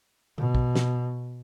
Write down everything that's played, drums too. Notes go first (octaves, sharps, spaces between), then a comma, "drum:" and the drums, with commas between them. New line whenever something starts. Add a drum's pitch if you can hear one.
B2, drum: tom D3
drum: kick
drum: snare